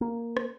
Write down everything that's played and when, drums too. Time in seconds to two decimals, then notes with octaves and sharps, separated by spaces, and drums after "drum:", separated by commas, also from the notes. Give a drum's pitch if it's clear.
0.01 A#3
0.37 drum: rim click